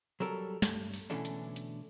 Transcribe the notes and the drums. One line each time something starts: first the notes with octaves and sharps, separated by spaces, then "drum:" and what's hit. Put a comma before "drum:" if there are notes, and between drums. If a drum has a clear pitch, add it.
F#3 G3 A4 A#4
G2 A3, drum: snare
drum: open hi-hat
B2 D3 E3 A3 C#4 D4
drum: hi-hat
drum: hi-hat